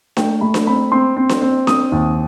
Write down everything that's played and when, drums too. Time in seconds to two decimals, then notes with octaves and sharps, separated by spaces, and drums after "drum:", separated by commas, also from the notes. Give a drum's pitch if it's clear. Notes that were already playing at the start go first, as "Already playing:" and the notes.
0.17 A3 G5, drum: snare D4
0.41 A3 B5
0.54 drum: snare D4
0.67 C4 B5
0.92 C4 C6
1.17 C4
1.29 drum: snare D4
1.42 C4
1.67 C4 D#6, drum: snare D4
1.92 D#2